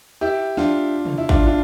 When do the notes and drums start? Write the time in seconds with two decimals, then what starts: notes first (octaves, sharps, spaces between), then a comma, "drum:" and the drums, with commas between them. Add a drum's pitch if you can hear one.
0.21 E4 G4
0.57 D4 F4, drum: snare
1.05 drum: tom C3
1.18 E4
1.29 D4 F4, drum: kick G#1
1.47 D4 F4